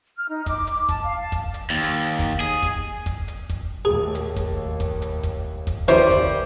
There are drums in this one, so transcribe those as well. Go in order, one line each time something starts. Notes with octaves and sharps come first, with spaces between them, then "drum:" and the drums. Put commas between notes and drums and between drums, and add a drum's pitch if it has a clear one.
F6
D#4
D6, drum: kick, hi-hat
drum: hi-hat
A5, drum: kick, hi-hat
F5
A5
drum: kick, hi-hat
drum: hi-hat
D#2
drum: kick, hi-hat
G#4
drum: kick, hi-hat
drum: kick, hi-hat
drum: hi-hat
drum: kick, hi-hat
D#2 A2 G#4
drum: hi-hat
drum: kick, hi-hat
drum: kick, hi-hat
drum: hi-hat
drum: kick, hi-hat
drum: kick, hi-hat
D#2 E3 G3 C#4 E4 C5, drum: hi-hat
drum: kick, hi-hat